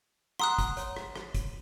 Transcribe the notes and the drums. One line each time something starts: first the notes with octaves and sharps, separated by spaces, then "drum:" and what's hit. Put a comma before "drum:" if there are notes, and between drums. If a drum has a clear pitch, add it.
F#5 A#5 C6 D#6 E6 F#6, drum: rim click
drum: kick, hi-hat
C#5, drum: hi-hat
drum: rim click
drum: rim click
drum: kick, hi-hat